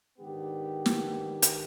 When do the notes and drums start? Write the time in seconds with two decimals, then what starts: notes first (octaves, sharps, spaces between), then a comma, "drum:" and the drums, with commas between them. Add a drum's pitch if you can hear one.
0.19 G#2 D#3 B3 D4 G4
0.86 drum: snare
1.42 drum: hi-hat